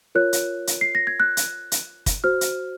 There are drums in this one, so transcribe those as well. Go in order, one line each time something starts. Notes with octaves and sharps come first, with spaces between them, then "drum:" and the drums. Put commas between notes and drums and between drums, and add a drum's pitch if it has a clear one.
F4 A#4 C#5 F#6
drum: hi-hat
drum: hi-hat
C7
A#6
G#6
F#6
drum: hi-hat
drum: hi-hat
drum: kick, hi-hat
F#4 C5 F6
drum: hi-hat